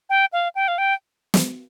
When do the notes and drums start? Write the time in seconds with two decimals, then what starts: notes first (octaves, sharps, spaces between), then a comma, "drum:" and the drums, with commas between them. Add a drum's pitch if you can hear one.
0.10 G5
0.33 F5
0.55 G5
0.68 F5
0.78 G5
1.34 drum: snare